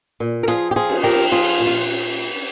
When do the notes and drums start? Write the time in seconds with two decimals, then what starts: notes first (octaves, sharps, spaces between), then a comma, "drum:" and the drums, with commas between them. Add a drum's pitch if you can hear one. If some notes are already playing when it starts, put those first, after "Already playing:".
0.20 A#2
0.43 A#4
0.47 F3 F4 G#4, drum: hi-hat
0.71 G4
0.76 F3 F4 G#4
0.90 drum: cymbal
1.03 F3 G4 A#4
1.31 F3 F4 G#4
1.59 A#2
1.67 F4